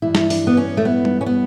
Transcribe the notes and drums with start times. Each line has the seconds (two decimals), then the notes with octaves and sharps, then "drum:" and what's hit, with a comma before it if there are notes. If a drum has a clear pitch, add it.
0.02 G2 E3 G3 E4
0.15 drum: snare
0.30 D4, drum: open hi-hat
0.47 B3
0.57 C#4
0.77 A3
0.85 B3
1.05 drum: tom G3
1.21 C#4
1.26 B3